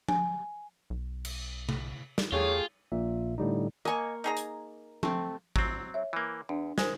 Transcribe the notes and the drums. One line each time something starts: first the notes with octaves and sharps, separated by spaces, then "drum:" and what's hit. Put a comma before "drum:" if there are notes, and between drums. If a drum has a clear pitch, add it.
G#5, drum: tom F3
B1
drum: cymbal
drum: tom C3
drum: snare
E2 A3 F4 G4 G#4 C#5
A#1 A#2 E5
A2 D3 G3 D#4
A#3 D#5 G#5 C#6
D#4 G#4 A#5
drum: hi-hat
A3 C4, drum: tom F3
F#3 C4, drum: kick G#1
C#5 E5
E3 A#3
E2 D4
G#3 A#4 C5 G#5, drum: snare